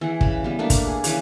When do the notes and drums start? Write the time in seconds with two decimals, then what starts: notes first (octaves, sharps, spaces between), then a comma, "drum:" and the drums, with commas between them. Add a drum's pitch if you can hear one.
0.01 E3 G#4 F#5
0.21 C#3 B5, drum: kick
0.44 G3 B3
0.59 A3 A#3 D4 B4
0.70 drum: kick, hi-hat
0.87 G#4
1.04 C#3 E3 B4, drum: hi-hat